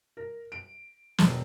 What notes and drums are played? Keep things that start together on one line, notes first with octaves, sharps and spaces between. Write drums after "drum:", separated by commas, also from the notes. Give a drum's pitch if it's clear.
A#4
D7
E1, drum: snare